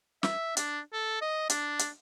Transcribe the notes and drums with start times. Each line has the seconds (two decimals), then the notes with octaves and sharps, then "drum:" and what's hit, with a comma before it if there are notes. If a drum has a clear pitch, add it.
0.23 E5, drum: snare
0.57 D4, drum: hi-hat
0.93 A4
1.22 D#5
1.50 D4, drum: hi-hat
1.79 drum: hi-hat